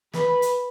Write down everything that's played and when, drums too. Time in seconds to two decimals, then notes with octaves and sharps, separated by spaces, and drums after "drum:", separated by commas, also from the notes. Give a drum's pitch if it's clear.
0.13 B4, drum: snare
0.42 drum: hi-hat